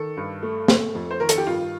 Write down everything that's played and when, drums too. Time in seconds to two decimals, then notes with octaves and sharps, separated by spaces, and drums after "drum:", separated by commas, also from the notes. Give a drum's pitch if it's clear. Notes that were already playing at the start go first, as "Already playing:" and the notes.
Already playing: D#3 A4
0.17 G2
0.43 A3
0.68 A3, drum: snare
0.95 F2
1.11 C5
1.20 D#3 A#4
1.29 A4, drum: hi-hat
1.38 G4
1.47 G2 F4